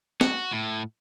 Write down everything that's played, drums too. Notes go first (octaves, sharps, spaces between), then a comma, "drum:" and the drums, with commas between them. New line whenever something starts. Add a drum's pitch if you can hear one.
F#4, drum: snare
A2